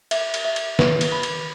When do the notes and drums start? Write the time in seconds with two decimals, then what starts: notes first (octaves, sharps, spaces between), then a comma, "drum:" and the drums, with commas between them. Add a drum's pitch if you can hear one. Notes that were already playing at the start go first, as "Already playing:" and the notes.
0.11 E5, drum: cymbal
0.34 drum: cymbal
0.45 E5
0.56 drum: cymbal
0.79 B4, drum: snare
1.01 drum: cymbal
1.12 B5
1.23 drum: cymbal